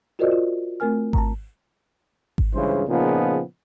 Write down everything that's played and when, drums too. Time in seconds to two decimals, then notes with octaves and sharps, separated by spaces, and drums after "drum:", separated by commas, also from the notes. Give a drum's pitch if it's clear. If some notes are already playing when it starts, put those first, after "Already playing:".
0.19 F4 F#4 A#4 C5 D5 D#5
0.32 F4
0.80 A3 C4 A#4 G#5 F6
1.13 A5 A#5, drum: kick G#1
2.38 drum: kick G#1
2.54 C#2 G2 C#3 E3 C5
2.88 A#2 C#3 F3 B3 D#4 G#4